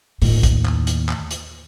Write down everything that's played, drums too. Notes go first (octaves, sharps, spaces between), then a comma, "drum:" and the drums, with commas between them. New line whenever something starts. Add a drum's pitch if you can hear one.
D#2 A2, drum: open hi-hat
drum: kick, hi-hat
drum: clap
drum: hi-hat
drum: clap
drum: hi-hat